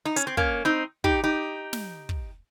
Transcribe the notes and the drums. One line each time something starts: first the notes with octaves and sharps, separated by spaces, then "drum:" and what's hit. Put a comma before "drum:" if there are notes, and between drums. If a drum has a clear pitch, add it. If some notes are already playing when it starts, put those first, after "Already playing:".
D#4
C#4, drum: hi-hat
C4
A#3 C#4, drum: kick
C4 D#4
D#4 G4, drum: kick
D#4 G4
drum: snare
drum: kick